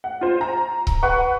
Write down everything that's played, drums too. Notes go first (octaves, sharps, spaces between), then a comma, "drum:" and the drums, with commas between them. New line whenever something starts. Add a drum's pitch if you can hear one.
F#5
F4 C5
A#5
drum: kick C#1
B4 F#5 C#6